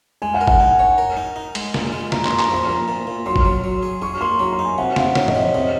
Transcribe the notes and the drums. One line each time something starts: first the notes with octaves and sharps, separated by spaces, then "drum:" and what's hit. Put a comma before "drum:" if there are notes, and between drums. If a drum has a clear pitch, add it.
G#3 G#5
F#5
A#4
F#5, drum: kick G1
D#4 G#5
C#5
A#4
D#4
D#4
G#3, drum: cymbal
A#2, drum: snare
G#3
A#2 A#5, drum: snare
C6, drum: clap
A#2
A#5, drum: clap
F3 C6
A#2 A#5
A#2
A#2
F#3 C6
drum: kick G1
F#3
F#3
G#4
G#4 C#6
A#3 C6
F#3 A#5
C6
D#4
G#5
C3 F#5
C3 F5, drum: snare
D#3 C#5, drum: snare
D#5, drum: tom
C3
C#5
C3 D#5